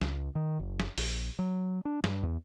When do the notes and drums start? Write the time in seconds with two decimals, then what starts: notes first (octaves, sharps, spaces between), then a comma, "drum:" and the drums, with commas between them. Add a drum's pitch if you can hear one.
0.01 C#2, drum: snare
0.35 D#3
0.60 F#1
0.80 drum: snare
0.98 A#1, drum: open hi-hat
1.39 F#3
1.85 D4
2.04 G2, drum: snare
2.23 E2